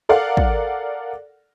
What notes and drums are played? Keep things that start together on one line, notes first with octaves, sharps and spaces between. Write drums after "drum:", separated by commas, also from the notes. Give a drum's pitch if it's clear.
A4 A#4 D5 F5 F#5
drum: kick